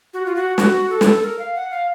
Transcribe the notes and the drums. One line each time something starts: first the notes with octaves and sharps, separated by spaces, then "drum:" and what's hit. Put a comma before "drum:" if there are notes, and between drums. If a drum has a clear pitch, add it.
F#4
F4
F#4
F#4, drum: snare
A4
drum: snare
A#4
F5
F#5
F5